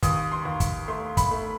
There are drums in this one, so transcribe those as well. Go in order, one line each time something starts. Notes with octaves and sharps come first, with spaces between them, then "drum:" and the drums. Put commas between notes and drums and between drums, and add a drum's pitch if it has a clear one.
D#2 D#6, drum: kick, hi-hat
C6
D#2
drum: kick, hi-hat
A3 C6
B5, drum: kick, hi-hat
A3